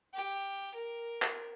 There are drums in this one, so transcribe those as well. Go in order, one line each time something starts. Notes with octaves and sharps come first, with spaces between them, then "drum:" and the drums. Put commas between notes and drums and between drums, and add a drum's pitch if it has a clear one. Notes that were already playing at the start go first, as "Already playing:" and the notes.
G4
A#4
drum: clap